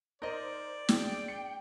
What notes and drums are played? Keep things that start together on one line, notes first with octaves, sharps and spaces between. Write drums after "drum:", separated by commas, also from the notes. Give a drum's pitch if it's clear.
D#4 A#4 C5 D5 D#5
D4 G#4 G5, drum: snare
C#7